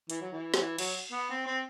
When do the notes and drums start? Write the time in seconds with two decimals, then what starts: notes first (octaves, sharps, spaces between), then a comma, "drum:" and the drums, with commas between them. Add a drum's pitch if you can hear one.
0.10 E3, drum: hi-hat
0.21 F#3
0.33 E3
0.54 F#3, drum: snare
0.61 E3
0.78 F#3, drum: cymbal
1.12 B3
1.30 C4
1.46 C4